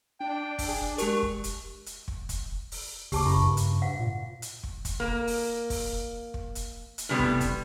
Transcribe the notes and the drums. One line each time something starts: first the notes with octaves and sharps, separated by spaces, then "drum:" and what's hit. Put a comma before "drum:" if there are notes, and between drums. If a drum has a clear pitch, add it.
D4 G5
drum: kick, open hi-hat
G#4
G#3 G4 A#4 C#6, drum: hi-hat
drum: kick
drum: hi-hat
drum: hi-hat
drum: kick
drum: kick, hi-hat
drum: open hi-hat
D#2 C#3 G4 A5 D6, drum: kick, open hi-hat
F#2 E4 B5 C#6
G2
drum: hi-hat
F5 F#5
A#2
drum: hi-hat
drum: kick
drum: kick, hi-hat
A#3
drum: open hi-hat
drum: kick, open hi-hat
drum: kick
drum: hi-hat
drum: hi-hat
A2 C3 G3 B3
drum: kick
drum: kick, hi-hat